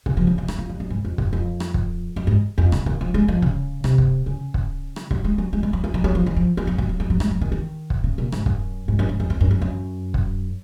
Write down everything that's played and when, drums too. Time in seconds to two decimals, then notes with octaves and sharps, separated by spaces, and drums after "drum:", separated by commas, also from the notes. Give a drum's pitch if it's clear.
0.06 C#3, drum: kick
0.17 F3
0.27 C#3
0.38 F3
0.48 F#3, drum: rim click
0.58 F3
0.69 F#3
0.80 F#3
0.90 G#2
1.05 F2
1.18 F2, drum: kick
1.33 F2
1.60 drum: rim click
1.74 drum: kick
2.16 F#2
2.27 G#2
2.58 F2
2.72 C#3, drum: rim click
2.86 D#3, drum: kick
3.01 F3
3.14 G#3
3.28 F3
3.42 C#3, drum: kick
3.84 C3, drum: rim click
3.98 drum: kick
4.26 C#3
4.54 drum: kick
4.96 drum: rim click
5.11 F#3, drum: kick
5.24 G#3
5.38 F#3
5.53 G#3
5.63 G#3
5.73 F#3
5.84 F3
5.94 F#3
6.04 F#3
6.15 F3
6.26 D#3
6.36 F3
6.57 F3
6.67 F#3
6.78 F#3, drum: kick
6.89 F#3
7.00 F#3
7.10 F#3
7.20 G#3, drum: rim click
7.31 F#3
7.41 D#3
7.52 D#3
7.90 drum: kick
8.04 C#3
8.18 A#2
8.32 G#2, drum: rim click
8.46 F#2, drum: kick
8.88 G#2
8.99 F#2
9.09 G#2
9.20 F#2
9.30 F2
9.41 F#2
9.51 F#2
9.62 F#2
10.14 drum: kick